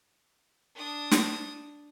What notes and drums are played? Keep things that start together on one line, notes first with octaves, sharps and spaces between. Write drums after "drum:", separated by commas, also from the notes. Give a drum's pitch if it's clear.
D4 D#6
drum: snare